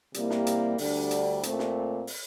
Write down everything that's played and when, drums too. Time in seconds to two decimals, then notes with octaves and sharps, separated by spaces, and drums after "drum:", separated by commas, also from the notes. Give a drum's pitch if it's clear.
0.14 C3 G3 A#3 E4, drum: hi-hat
0.30 drum: snare
0.47 drum: hi-hat
0.78 D2 D3 G3 D4 G4, drum: open hi-hat
1.11 drum: hi-hat
1.43 A#2 A3 C4, drum: hi-hat
1.59 drum: snare
2.07 drum: open hi-hat